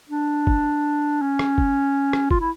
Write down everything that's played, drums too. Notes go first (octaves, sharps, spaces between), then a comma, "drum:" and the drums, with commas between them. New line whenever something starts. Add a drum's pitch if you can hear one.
D4
drum: kick
C#4
drum: rim click
drum: kick
drum: rim click
F4, drum: kick
E4